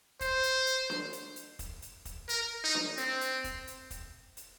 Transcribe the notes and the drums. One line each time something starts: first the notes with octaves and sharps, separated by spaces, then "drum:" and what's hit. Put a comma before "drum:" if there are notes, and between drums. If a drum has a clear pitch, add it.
C5, drum: kick, hi-hat
drum: hi-hat
drum: hi-hat
drum: snare D4
drum: hi-hat
drum: hi-hat
drum: kick, hi-hat
drum: hi-hat
drum: kick, hi-hat
A#4, drum: hi-hat
D#4
drum: snare D4
C4, drum: hi-hat
drum: hi-hat
drum: kick, hi-hat
drum: hi-hat
drum: kick, hi-hat
drum: hi-hat